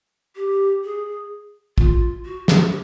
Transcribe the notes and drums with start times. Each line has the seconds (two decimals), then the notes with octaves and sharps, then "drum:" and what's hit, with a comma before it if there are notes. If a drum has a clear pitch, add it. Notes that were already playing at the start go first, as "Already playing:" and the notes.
0.36 G4
0.84 G#4
1.78 F4, drum: kick
2.25 F#4
2.48 drum: snare
2.67 G4